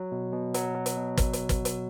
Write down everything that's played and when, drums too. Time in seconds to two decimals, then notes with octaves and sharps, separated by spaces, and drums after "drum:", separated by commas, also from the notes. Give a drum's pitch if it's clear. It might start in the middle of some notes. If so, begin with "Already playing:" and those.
Already playing: F#3
0.12 B2
0.33 B2
0.54 F#3, drum: hi-hat
0.75 F#3
0.86 drum: hi-hat
0.96 B2
1.17 drum: kick, hi-hat
1.33 drum: hi-hat
1.49 drum: kick, hi-hat
1.65 drum: hi-hat